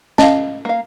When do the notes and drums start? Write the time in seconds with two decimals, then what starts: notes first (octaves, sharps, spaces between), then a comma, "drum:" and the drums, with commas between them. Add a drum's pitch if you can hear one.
0.18 C#4 D#5 F5 A5, drum: snare
0.65 A#3 F5